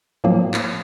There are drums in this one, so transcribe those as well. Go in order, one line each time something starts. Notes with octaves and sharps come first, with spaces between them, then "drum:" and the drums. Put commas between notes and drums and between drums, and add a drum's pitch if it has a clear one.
A2 F3 F#3 A#3 C4
drum: clap